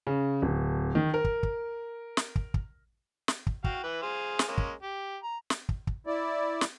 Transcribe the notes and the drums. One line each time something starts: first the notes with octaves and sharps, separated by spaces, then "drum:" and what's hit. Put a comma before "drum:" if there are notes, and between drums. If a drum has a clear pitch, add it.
C#3
D1
D#3
A#4
drum: kick
drum: kick
drum: snare
drum: kick
drum: kick
drum: snare
drum: kick
F#4 F5 G5, drum: kick
E3 B4
G#4 C5 F5
drum: snare
G#3 A#3 C#4
drum: kick
G4
A#5
drum: snare
drum: kick
drum: kick
E4 D5
drum: snare